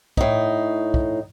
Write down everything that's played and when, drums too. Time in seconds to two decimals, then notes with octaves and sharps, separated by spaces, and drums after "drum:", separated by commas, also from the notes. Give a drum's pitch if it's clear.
0.17 A2 D#4, drum: kick
0.94 drum: kick